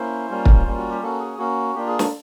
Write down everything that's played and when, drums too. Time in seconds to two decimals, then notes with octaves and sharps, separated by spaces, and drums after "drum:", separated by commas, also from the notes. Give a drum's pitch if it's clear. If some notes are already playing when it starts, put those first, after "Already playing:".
Already playing: A#3 C#4 E4 C5
0.29 G3 A#3 C#4 F4
0.45 drum: kick
0.66 G3 A#3 C#4 F4
0.78 F#4
0.91 G4
1.02 A#3 C#4 F#4 A4
1.20 G#4
1.38 A#3 C#4 F#4
1.75 A#3 D4 F4 G4
1.87 G#4
1.99 A4, drum: snare